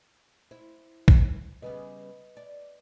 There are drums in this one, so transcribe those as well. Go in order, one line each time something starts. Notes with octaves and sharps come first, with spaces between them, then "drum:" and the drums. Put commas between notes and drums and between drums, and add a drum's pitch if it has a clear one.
E4 C5
drum: kick A1
C#3 G3 B3 B4 D#5
D5